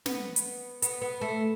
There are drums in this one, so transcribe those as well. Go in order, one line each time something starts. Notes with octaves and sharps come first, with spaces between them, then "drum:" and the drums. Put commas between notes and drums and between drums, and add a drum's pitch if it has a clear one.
B3, drum: snare
drum: hi-hat
B3, drum: hi-hat
B3
A3